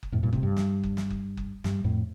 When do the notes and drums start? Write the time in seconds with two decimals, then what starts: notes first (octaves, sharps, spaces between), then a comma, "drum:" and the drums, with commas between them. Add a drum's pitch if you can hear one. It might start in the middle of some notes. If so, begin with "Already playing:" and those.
0.03 drum: kick F#1
0.12 F2 A2
0.23 G2 A#2
0.33 A2 C3, drum: kick F#1
0.43 G2
0.57 drum: snare
0.83 drum: kick F#1
0.97 drum: snare
1.10 drum: kick F#1
1.37 drum: kick F#1
1.64 G2, drum: snare
1.84 F2 A2